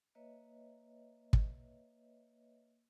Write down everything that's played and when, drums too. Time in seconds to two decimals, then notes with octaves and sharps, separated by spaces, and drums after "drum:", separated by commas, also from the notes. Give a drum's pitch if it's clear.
0.15 A#3 B4 C#5 D#5 E5
1.33 drum: kick